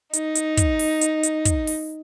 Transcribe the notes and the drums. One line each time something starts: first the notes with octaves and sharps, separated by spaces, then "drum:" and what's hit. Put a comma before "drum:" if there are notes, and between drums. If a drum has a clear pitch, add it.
D#4, drum: hi-hat
drum: hi-hat
drum: kick, hi-hat
drum: open hi-hat
drum: hi-hat
drum: hi-hat
drum: kick, hi-hat
drum: open hi-hat